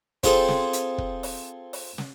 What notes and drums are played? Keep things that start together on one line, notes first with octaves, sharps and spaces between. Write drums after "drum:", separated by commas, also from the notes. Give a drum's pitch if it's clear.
C4 F4 G#4 A4 C5, drum: kick, hi-hat
drum: snare
drum: hi-hat
drum: kick
drum: open hi-hat
drum: open hi-hat
drum: snare